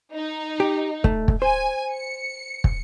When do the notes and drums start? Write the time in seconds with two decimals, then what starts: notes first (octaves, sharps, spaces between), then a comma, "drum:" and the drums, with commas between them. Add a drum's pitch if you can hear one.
0.14 D#4
0.60 G4
1.04 A3, drum: kick
1.28 drum: kick
1.42 C5 G#5
1.93 C#7
2.64 drum: kick